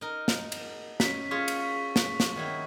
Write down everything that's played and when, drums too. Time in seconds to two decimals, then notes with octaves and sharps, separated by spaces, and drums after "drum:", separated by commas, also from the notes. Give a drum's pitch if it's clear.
0.01 D#4 A#4
0.28 drum: snare
0.52 drum: cymbal
1.00 C#4 B6, drum: snare
1.31 F4 G#4 C#5 C#6
1.48 drum: cymbal
1.96 drum: snare
2.20 drum: snare
2.36 D#3 F#3 E4